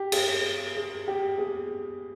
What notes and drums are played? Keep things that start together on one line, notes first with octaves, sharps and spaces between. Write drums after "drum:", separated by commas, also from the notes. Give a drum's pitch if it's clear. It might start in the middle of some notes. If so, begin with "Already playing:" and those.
Already playing: G4
G#4, drum: cymbal
G#4
G4
G#4